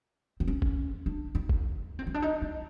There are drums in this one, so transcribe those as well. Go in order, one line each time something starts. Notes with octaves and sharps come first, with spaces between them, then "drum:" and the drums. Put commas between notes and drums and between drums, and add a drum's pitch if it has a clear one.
C4
C#4
drum: kick
D4
D#4
drum: kick
C4
C#4
D4
D#4
D4